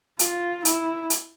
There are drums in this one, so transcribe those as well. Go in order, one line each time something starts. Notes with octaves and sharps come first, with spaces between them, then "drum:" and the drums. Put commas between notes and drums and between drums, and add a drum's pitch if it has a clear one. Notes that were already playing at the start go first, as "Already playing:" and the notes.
F4, drum: hi-hat
E4, drum: hi-hat
drum: hi-hat